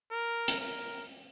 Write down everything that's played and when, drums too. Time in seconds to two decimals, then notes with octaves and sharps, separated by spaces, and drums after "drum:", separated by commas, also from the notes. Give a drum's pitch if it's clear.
0.12 A#4
0.48 drum: hi-hat
0.60 A#4